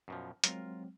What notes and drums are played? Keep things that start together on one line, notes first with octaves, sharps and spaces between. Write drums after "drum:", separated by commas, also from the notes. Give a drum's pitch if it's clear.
F#2 B2 F3
F#3 G#3 C4 F4 A#4, drum: hi-hat